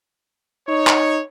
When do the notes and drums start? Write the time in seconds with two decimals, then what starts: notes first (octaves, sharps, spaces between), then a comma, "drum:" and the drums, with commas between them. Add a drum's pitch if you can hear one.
0.69 D#4 C#5
0.87 drum: clap